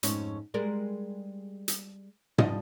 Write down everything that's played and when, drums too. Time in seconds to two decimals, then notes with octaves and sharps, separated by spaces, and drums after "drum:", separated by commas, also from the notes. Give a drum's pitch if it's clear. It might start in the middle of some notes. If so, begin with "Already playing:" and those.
0.03 F2 G#2 C#4, drum: hi-hat
0.54 G3 G#3 A#4
1.68 drum: hi-hat
2.38 F3 G3 D#5, drum: tom